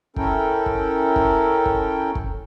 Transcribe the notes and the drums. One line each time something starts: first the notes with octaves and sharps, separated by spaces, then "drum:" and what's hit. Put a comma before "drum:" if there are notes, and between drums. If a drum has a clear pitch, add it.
C#4 E4 A4 A#4 G5, drum: kick
drum: kick
drum: kick
drum: kick
drum: kick